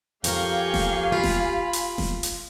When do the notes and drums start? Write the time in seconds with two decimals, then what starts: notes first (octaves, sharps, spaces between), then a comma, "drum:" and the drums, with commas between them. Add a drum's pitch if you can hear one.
0.24 F2 G4 A#4 F5 G5 G#5 C#6, drum: hi-hat
0.74 drum: snare E1
1.12 F4 B5
1.23 drum: snare E1
1.73 drum: hi-hat
1.98 drum: snare E1
2.23 drum: hi-hat